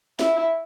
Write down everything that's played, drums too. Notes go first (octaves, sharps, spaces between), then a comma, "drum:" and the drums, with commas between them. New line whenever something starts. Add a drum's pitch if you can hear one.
E4, drum: snare